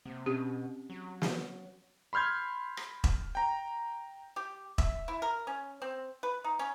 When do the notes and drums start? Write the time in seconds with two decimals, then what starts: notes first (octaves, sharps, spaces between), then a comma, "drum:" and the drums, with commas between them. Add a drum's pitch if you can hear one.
0.05 C3 A#3
0.26 B2 C4 C#4 G4
0.90 F#3
1.22 drum: snare
2.13 B5 C6 F6 G6 G#6
2.77 drum: rim click
3.04 drum: kick E1
3.35 G5 A#5
4.36 G4
4.78 E5, drum: kick E1
5.08 E4
5.22 A#4
5.47 C#4
5.82 C4
6.23 B4
6.44 D#4
6.59 C#4